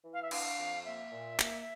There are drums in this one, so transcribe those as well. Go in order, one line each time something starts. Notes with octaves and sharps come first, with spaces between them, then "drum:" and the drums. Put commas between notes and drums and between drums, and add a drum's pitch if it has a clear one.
E3
F5
E5
D4 F5, drum: cymbal
F2
A#3 E5
A#2
A#3, drum: clap